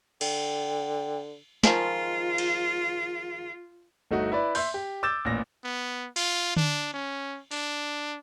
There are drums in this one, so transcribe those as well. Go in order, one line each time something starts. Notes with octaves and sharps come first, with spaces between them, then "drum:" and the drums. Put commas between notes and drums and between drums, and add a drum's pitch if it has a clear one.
D3 G5, drum: cymbal
D#3 F3 G#3 F4, drum: snare
drum: cymbal
G1 A3 D#4 F#4
E4 B4 D5
E5 C6 G6, drum: open hi-hat
G4
D6 E6 G6 A6 E7
A1 A#2 A#6
B3
F4, drum: cymbal
D4, drum: tom D3
C#4
D4, drum: open hi-hat